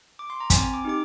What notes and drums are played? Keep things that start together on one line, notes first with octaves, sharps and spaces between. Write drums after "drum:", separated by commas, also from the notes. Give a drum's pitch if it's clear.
D6
C6
A#5
C4 G#5, drum: kick, hi-hat
D6
D#4 G4 D6